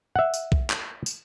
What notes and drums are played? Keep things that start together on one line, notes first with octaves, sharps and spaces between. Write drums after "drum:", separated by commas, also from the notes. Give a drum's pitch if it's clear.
E5 F#5
drum: tambourine
drum: kick B1
drum: clap
drum: tambourine